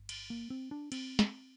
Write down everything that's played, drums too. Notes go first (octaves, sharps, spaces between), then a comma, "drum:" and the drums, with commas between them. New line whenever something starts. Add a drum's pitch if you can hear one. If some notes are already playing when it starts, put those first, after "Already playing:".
Already playing: G1
drum: cymbal
A#3
C4
D4
C4, drum: cymbal
drum: snare